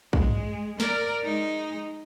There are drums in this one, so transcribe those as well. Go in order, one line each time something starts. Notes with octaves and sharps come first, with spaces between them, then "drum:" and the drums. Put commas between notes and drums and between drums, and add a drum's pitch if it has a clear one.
G#3, drum: kick
drum: tom G2
A#4 D5, drum: snare
G#3 D#4